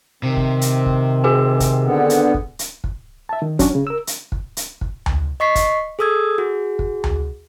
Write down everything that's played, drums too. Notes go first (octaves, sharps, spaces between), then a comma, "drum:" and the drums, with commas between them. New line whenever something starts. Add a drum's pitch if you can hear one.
C3 D#3 C4
drum: kick
drum: hi-hat
drum: kick
F#4 G#4 G#5
drum: kick, hi-hat
D3 B3
drum: hi-hat
drum: kick
drum: hi-hat
drum: kick
E5 A5
D#3
F#3 C#4 D4, drum: kick, hi-hat
C#3
A#4 E6
drum: hi-hat
drum: kick
drum: hi-hat
drum: kick
drum: tom D2
D#5 C#6 B6 C7
drum: kick, hi-hat
G#4 A4 D#6 E6 G#6
F#4 G#4
drum: kick
drum: tom D2